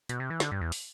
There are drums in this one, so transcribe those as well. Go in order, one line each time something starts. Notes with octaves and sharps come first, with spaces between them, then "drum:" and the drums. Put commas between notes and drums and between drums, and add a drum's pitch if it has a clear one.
B2, drum: hi-hat
C3
E3
D3, drum: snare
G2
E2
drum: open hi-hat